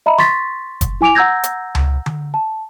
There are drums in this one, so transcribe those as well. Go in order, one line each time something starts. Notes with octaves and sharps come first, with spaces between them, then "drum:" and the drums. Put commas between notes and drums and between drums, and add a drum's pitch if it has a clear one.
D#5 E5 A#5 B5
C6 C#6 A6 B6, drum: snare
drum: kick F#1, hi-hat
E4 G#5 D6 D7 F7
F#5 A#5 E6 G6 G#6 A#6
drum: hi-hat
drum: tom C#2
drum: tom D3
A5